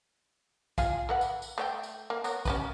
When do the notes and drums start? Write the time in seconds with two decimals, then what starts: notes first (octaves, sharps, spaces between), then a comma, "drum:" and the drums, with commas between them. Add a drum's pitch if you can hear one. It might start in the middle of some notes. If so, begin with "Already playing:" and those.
0.78 F4 G#4 F5, drum: kick A#1, tambourine
1.09 A4 B4 F#5
1.21 drum: tambourine
1.42 drum: tambourine
1.58 A3 C#5 G5
1.83 drum: tambourine
2.10 A#3
2.24 B3 A#4 C#5, drum: tambourine
2.45 C#4 G4 B4, drum: kick A#1, tambourine